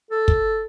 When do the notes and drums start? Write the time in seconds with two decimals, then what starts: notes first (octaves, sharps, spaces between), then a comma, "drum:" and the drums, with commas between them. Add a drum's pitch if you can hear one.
0.11 A4
0.28 drum: kick